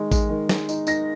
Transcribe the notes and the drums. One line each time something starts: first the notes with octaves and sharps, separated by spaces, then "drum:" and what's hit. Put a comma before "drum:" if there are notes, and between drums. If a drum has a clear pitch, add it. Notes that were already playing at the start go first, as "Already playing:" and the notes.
Already playing: D#3 G#3 D#4
G#3, drum: kick A1, tambourine
D#3
G#3, drum: snare
D#4, drum: tambourine
D#4 A#6, drum: tambourine